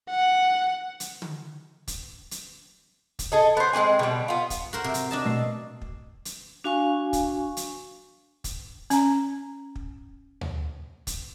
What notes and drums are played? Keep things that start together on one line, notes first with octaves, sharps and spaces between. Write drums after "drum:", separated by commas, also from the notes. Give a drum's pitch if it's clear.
F#5
drum: hi-hat
drum: tom D3
drum: kick, hi-hat
drum: hi-hat
drum: kick, hi-hat
G#4 A4 D#5
B3 C5
G#3 C4 D4 G#5
B2 G3
B3 F4
drum: kick, hi-hat
F#4 A#4 C5
C3
drum: hi-hat
D4 D#5 A5
B2 A3 C7
drum: kick
drum: hi-hat
D4 F#4 F5 G#5 C#6
drum: kick, hi-hat
drum: hi-hat
drum: kick, hi-hat
C#4 A#5, drum: hi-hat
drum: kick
drum: tom D2
drum: kick, hi-hat